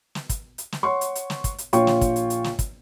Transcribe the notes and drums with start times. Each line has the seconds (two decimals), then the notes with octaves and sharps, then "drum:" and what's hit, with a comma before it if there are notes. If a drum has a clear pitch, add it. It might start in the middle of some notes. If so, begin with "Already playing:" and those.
0.15 drum: snare
0.29 drum: kick, hi-hat
0.58 drum: hi-hat
0.72 drum: snare
0.83 C#5 F#5 C6 C#6
1.01 drum: hi-hat
1.15 drum: hi-hat
1.30 drum: snare
1.44 drum: kick, hi-hat
1.58 drum: hi-hat
1.73 A#1 F4 C#5 G5 C#6, drum: hi-hat
1.87 drum: snare
2.01 drum: kick, hi-hat
2.16 drum: hi-hat
2.30 drum: hi-hat
2.44 drum: snare
2.59 drum: kick, hi-hat